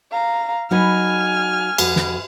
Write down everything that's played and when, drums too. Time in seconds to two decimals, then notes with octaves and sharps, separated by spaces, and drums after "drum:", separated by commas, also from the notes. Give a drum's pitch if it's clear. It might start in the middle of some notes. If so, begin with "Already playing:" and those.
0.12 F5 A#5
0.71 F#3 D#4 B4 G#5 F6
1.78 F2 F#4 B4, drum: cymbal
1.96 drum: snare